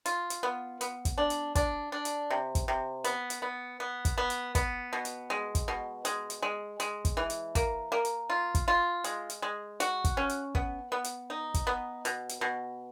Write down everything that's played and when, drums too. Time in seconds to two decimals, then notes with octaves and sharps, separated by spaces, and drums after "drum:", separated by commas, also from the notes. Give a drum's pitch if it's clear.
0.06 F4, drum: hi-hat
0.30 drum: hi-hat
0.43 B3
0.81 B3, drum: hi-hat
1.05 drum: kick, hi-hat
1.18 D4
1.30 drum: hi-hat
1.55 D4, drum: kick, hi-hat
1.92 D4
2.05 drum: hi-hat
2.30 C3
2.55 drum: kick, hi-hat
2.68 C3
3.04 B3, drum: hi-hat
3.30 drum: hi-hat
3.42 B3
3.80 B3
4.05 drum: kick, hi-hat
4.18 B3
4.30 drum: hi-hat
4.55 B3, drum: kick, hi-hat
4.93 B2
5.05 drum: hi-hat
5.30 G#3
5.55 drum: kick, hi-hat
5.68 B2
6.05 G#3, drum: hi-hat
6.30 drum: hi-hat
6.42 G#3
6.80 G#3, drum: hi-hat
7.05 drum: kick, hi-hat
7.17 E3
7.30 drum: hi-hat
7.55 A#3, drum: kick, hi-hat
7.92 A#3
8.05 drum: hi-hat
8.30 F4
8.55 drum: kick, hi-hat
8.68 F4
9.04 G#3, drum: hi-hat
9.30 drum: hi-hat
9.42 G#3
9.80 F#4, drum: hi-hat
10.05 drum: kick, hi-hat
10.17 C#4
10.30 drum: hi-hat
10.55 B3, drum: kick
10.92 B3
11.04 drum: hi-hat
11.30 D#4
11.54 drum: kick, hi-hat
11.67 B3
12.05 B2, drum: hi-hat
12.29 drum: hi-hat
12.41 B2